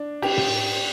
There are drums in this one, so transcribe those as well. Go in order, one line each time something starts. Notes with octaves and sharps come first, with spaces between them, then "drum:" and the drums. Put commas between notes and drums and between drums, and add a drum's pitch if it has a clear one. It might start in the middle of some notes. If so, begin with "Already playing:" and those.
Already playing: D4
G4, drum: cymbal
drum: tom